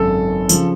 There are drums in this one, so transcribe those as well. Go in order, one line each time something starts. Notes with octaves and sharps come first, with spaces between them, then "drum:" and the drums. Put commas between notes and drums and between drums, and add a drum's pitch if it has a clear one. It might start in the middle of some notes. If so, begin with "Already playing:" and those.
Already playing: G#1 F#2 C#3 A4
C#3 F3, drum: tambourine